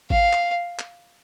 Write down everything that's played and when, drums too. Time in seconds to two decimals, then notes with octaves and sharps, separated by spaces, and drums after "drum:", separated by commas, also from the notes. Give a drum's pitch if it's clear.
0.10 F5, drum: kick G#1
0.33 drum: clap
0.79 drum: clap